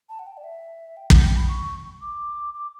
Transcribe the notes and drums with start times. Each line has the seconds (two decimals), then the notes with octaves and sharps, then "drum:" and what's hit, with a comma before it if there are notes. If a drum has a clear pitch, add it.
0.09 A5
0.19 F#5
0.27 G5
0.37 D5
0.44 E5
0.97 G5
1.10 F#5, drum: kick
1.23 G5
1.36 B5
1.49 C#6
2.01 D6
2.54 D6